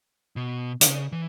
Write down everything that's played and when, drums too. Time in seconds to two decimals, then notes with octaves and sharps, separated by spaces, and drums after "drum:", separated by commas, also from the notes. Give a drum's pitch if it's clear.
0.36 B2
0.81 D#3, drum: hi-hat
0.87 C#3
1.12 E3